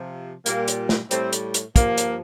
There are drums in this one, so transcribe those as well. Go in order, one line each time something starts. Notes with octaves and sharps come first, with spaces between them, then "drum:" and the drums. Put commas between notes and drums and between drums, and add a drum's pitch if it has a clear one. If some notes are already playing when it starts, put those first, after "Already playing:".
Already playing: C3 F3
A#2 G3 A#3, drum: hi-hat
drum: hi-hat
drum: snare
A2 G3 A3 C4, drum: hi-hat
drum: hi-hat
drum: hi-hat
G2 F3 A#3, drum: kick, hi-hat
drum: hi-hat